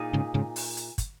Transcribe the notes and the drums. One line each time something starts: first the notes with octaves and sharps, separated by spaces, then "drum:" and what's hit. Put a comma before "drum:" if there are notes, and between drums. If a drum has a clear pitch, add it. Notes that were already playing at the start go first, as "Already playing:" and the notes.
Already playing: A#2 D#4 G#4
G#2 C#3
G#2 C#3
drum: open hi-hat
drum: hi-hat
drum: kick, hi-hat